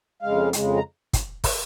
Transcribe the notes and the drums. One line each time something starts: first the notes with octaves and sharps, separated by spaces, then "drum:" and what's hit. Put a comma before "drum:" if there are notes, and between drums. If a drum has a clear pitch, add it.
F2 C#3 G#3 F5
F2 C#3 G#3, drum: hi-hat
A#5
drum: kick, hi-hat
drum: kick, open hi-hat